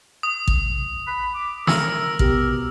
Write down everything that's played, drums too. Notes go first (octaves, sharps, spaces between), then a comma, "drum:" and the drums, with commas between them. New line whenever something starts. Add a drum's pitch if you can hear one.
D#6
drum: kick
B5
D6
A#4 E6, drum: snare
B2 G4 A#4, drum: kick